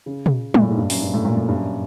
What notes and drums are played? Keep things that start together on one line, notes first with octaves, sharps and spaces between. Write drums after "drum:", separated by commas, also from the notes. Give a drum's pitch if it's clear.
C#3
drum: tom
A#2, drum: tom
A2
G#2
G2
F#2, drum: open hi-hat
G2
A2
A#2
A2
G2
F#2